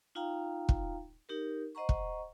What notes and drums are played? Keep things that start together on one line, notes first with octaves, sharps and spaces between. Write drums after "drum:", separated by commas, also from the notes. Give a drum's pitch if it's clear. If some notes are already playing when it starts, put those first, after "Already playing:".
D#4 F4 F5 G5 A#5
drum: kick
D#4 G4 A#4
C5 D#5 F#5 A#5 C#6
drum: kick